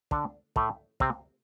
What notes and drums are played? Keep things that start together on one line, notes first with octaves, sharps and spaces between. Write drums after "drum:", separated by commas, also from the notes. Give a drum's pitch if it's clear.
D3 D4, drum: kick
A2 A3, drum: kick
C3 C4, drum: kick